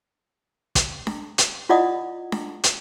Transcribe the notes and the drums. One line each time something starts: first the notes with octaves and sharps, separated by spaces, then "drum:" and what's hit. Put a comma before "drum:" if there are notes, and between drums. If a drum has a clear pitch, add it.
drum: kick, hi-hat
drum: snare D4
drum: hi-hat
E4 F4 D5 D#5 F#5 D#6
drum: snare D4
drum: hi-hat